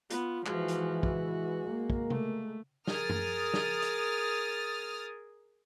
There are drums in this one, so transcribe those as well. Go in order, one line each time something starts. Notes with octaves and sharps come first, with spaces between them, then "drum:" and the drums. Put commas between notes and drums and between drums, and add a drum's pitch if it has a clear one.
B3 F4, drum: hi-hat
E3 F3 G#3 F#4, drum: clap
drum: hi-hat
F#4, drum: kick
A#3
drum: kick
A3, drum: tom C3
G#4 A#4 D#6 F6 A6, drum: snare
drum: tom F#2
drum: snare
drum: hi-hat